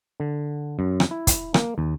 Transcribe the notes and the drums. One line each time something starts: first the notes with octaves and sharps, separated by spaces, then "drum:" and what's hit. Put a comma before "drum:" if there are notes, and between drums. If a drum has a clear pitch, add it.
D3
F#2
drum: rim click
E4
drum: kick, hi-hat
A#3, drum: rim click
D#2